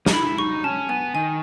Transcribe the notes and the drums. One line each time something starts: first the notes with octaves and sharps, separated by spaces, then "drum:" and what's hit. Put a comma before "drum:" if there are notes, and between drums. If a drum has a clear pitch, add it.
D#4, drum: snare
E4 B5
D#4 C#6
C#4 A5
B3 G#5
D#3 G#5